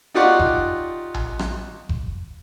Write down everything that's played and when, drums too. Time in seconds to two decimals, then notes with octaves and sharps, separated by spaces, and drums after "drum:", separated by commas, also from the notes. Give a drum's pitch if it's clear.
0.14 D#4 F4 G4 D5 F#5 C#6
0.39 drum: kick F#1
1.14 drum: tom A#1
1.39 drum: rim click
1.89 drum: kick F#1